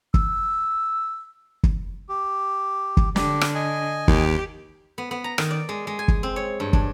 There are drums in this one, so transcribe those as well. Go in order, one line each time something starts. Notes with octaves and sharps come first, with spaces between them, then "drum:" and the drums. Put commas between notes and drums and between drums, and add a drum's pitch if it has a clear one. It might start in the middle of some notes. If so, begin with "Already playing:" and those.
E6, drum: kick
drum: kick
G4
drum: kick
D3 G4, drum: snare
drum: rim click
D#5 G#5
D#2 G4, drum: kick
B3
B3
A#5
D#3, drum: rim click
D5
G#3
G#3
G#5
drum: kick
C4
C#5
G2
D4, drum: kick